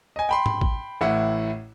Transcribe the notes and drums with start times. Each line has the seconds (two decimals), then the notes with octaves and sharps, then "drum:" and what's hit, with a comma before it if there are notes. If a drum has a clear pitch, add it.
0.16 D#5 G#5
0.29 G5 B5 C6
0.46 drum: tom G#2
0.61 drum: kick
1.01 A1 A2 E4 F#5